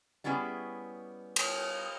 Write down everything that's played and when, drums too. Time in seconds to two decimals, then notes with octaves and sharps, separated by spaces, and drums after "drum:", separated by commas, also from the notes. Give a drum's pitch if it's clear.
0.24 G3 B3 C#4 E4 F#4 G#4
1.36 drum: cymbal